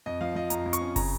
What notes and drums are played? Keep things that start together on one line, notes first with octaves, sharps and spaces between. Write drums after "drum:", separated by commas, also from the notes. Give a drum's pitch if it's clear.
F2 D#5
F3 F5
F3 D#5
F2 A#5, drum: hi-hat
F2
C#6, drum: hi-hat
C#4
C#3 A#5, drum: kick, open hi-hat